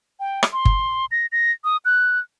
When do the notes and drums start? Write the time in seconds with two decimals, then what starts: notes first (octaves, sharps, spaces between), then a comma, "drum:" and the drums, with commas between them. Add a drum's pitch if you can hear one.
0.20 G5
0.43 drum: rim click
0.53 C6
0.65 drum: kick G1
1.12 A#6
1.32 A#6
1.64 D#6
1.85 F#6